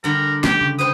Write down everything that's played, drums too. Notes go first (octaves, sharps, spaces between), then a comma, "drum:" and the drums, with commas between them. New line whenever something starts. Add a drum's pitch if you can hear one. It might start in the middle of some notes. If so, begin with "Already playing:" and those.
D3 G3 A#4
F3 A3 B3 G4, drum: snare
C#3
B4 C5 G5 D#6